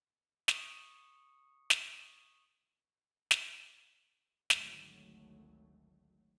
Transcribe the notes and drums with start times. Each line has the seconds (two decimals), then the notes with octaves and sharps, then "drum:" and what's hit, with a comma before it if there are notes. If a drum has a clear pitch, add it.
0.48 C#6 D#6 C#7, drum: snare
1.70 drum: snare
3.31 drum: snare
4.50 G#1 D2 F#3 A3, drum: snare